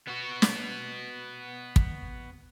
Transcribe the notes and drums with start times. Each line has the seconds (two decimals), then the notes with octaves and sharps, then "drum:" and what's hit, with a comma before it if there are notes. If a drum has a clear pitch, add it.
0.07 B3 F#4
0.42 drum: snare
1.76 drum: kick